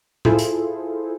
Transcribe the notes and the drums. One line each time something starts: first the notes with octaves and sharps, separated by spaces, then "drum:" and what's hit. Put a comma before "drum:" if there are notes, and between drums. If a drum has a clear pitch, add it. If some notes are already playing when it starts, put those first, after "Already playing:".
E4 F4 G#4 A4 C5, drum: tom A2
drum: hi-hat